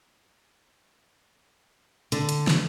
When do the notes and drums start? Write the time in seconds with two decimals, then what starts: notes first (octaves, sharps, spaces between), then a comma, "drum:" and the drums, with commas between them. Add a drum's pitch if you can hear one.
2.12 D3, drum: hi-hat
2.29 drum: hi-hat
2.47 drum: snare